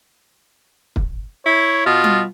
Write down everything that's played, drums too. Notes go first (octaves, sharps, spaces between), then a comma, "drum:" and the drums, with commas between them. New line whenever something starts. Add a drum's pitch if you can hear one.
drum: kick
E4 C#5
B2 F4
drum: tom G3